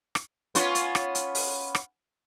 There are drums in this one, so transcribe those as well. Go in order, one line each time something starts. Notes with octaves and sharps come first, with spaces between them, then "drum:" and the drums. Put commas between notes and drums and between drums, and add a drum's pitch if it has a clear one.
drum: rim click
B3 C#4 F4, drum: hi-hat
drum: hi-hat
drum: rim click
drum: hi-hat
drum: open hi-hat
drum: rim click